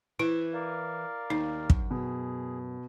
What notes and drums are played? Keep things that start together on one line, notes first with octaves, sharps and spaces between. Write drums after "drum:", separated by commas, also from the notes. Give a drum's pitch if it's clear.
E3 E4
A#4 D5 F5
D#2 D#4
F#2, drum: kick
B2 G#4